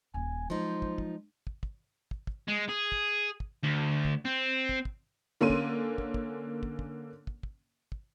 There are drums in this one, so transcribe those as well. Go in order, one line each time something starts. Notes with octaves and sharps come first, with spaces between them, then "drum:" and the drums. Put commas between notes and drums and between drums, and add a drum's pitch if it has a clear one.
D#1 D#2 G#5
F3 F#3 G#3 D#4 C5
drum: kick
drum: kick
drum: kick
drum: kick
drum: kick
drum: kick
G#3
G#4
drum: kick
drum: kick
D2
drum: kick
C4
drum: kick
drum: kick
D3 A#3 C#4 C6 D#7
drum: kick
drum: kick
drum: kick
drum: kick
drum: kick
drum: kick
drum: kick
drum: kick